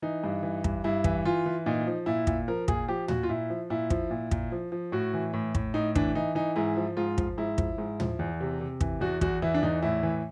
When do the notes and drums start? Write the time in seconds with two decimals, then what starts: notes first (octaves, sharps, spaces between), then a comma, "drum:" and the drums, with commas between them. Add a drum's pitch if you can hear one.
0.02 E3 D#4
0.24 G2
0.43 E3
0.64 G2, drum: kick
0.84 G2 E4
1.04 E3, drum: kick
1.25 E3 F4
1.46 E3
1.66 A#2 D#4
1.87 F3
2.06 A#2 E4
2.27 A#2, drum: kick
2.48 F3 A#4
2.68 A#2 G#4, drum: kick
2.88 F3 G4
3.08 A#2 F#4, drum: tom
3.23 F4
3.29 A#2 E4
3.50 F3
3.70 A#2 E4
3.90 F3, drum: kick
4.11 A#2
4.31 A#2, drum: kick
4.52 F3
4.72 F3
4.92 A2 F#4
5.14 E3
5.33 A2
5.55 A2, drum: kick
5.74 A2 D#4
5.95 E3 D4, drum: kick
6.15 E3 D#4
6.35 E3 D#4
6.56 G#2 E4
6.77 F3
6.97 G#2 F4
7.18 F3, drum: kick
7.38 G#2 E4
7.58 F3, drum: kick
7.78 G#2
8.00 F3, drum: tom
8.19 E2
8.40 C3
8.60 C3
8.81 E3, drum: kick
9.01 E2 F#4
9.21 E2 F#4, drum: kick
9.42 E3 E4
9.54 D4
9.62 E2 D#4
9.82 A2 E4
10.03 E3